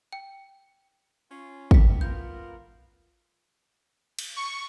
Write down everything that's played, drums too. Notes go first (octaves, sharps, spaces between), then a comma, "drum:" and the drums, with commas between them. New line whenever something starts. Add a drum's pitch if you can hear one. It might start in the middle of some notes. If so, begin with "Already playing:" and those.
G5
C#4 F4
G5 B6, drum: kick
B3 F4 A#4 G6
drum: cymbal
C#6